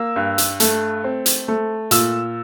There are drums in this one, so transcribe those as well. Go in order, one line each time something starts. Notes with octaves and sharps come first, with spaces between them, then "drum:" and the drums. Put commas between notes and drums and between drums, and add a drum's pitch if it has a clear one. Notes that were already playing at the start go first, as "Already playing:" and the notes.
Already playing: A#3 E6
G2
drum: hi-hat
A3, drum: hi-hat
C4
drum: hi-hat
A3
A#2 E6, drum: hi-hat